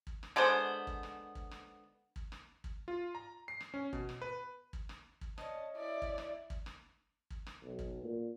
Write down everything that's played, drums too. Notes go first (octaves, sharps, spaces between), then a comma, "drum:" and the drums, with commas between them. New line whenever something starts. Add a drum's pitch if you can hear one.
drum: kick
drum: rim click
D3 G#3 B3 C5
drum: kick
drum: rim click
drum: kick
drum: rim click
drum: kick
drum: rim click
drum: kick
F4
A#5
C7
drum: rim click
C#4
B2, drum: kick
drum: rim click
B4
drum: kick
drum: rim click
drum: kick
C#4 D#5 A5, drum: rim click
E4 D5 E5
drum: kick
drum: rim click
drum: kick
drum: rim click
drum: kick
drum: rim click
B1
drum: kick
A#2